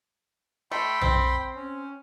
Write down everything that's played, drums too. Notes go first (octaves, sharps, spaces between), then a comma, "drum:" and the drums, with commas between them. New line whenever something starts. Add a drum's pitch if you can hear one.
A3 G5 B5 C6
C4, drum: tom B1
C#4